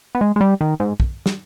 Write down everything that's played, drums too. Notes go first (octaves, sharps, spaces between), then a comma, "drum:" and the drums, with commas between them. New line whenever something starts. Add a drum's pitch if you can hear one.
B3
G#3
G#3
G3
D#3
G#2
drum: kick
drum: snare